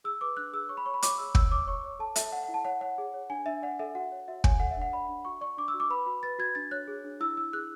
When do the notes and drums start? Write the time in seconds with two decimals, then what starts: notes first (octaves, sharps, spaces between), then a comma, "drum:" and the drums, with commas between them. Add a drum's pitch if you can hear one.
0.04 G#4 E6
0.21 B4 D6
0.37 D4 F#6
0.53 G#4 E6
0.69 C#5 C#6
0.77 B5
0.86 C#5 C#6
0.94 B5
1.02 C#5 D6, drum: hi-hat
1.18 G#4 E6
1.35 C#5 E6, drum: kick
1.51 C#5 D6
1.67 C#5 C#6
1.84 C#5
1.99 A4 A5
2.16 A4 E5, drum: hi-hat
2.32 D5 F#5
2.43 F#5
2.48 E4
2.54 A5
2.65 C#5 F#5
2.81 C#5 F#5
2.98 G#4
3.14 C#5
3.30 D4 G#5
3.46 D4 E5
3.62 D5 F#5
3.79 A4 E5
3.95 F#4 F#5
4.12 C#5
4.28 F#4 E5
4.44 C#5 G#5, drum: kick
4.60 A4 F#5
4.71 E5
4.77 D4 F#5
4.93 D5 B5
5.09 D4
5.25 F#4 C#6
5.41 D5 C#6
5.58 D4 D6
5.68 E6
5.74 F#4
5.80 D6
5.90 B4 B5
6.06 F#4 B5
6.23 B4 A6
6.39 F#4 G#6
6.55 D4 A6
6.71 C#5 F#6
6.88 G#4
7.04 D4
7.20 E4 E6
7.36 E4 E6
7.53 G#4 F#6